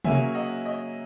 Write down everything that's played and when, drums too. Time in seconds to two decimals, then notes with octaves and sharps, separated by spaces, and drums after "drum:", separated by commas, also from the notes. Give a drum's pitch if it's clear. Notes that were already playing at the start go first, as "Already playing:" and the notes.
0.05 C#3 F#3 A#3 C#4 E5 G#5, drum: tom C3
0.34 D#5 F#5
0.65 D#5